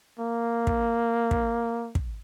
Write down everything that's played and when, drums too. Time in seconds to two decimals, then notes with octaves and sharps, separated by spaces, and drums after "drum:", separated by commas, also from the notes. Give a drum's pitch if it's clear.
0.19 A#3
0.67 drum: kick
1.31 drum: kick
1.95 drum: kick